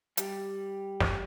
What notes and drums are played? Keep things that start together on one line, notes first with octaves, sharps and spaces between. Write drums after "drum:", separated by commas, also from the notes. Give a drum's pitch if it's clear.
G3, drum: hi-hat
drum: snare